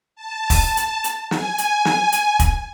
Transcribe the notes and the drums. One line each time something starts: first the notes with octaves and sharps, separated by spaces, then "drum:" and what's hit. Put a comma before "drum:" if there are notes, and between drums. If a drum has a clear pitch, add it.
A5
drum: kick, open hi-hat
drum: hi-hat
drum: hi-hat
G#5, drum: snare
drum: hi-hat
drum: snare
drum: hi-hat
drum: kick, hi-hat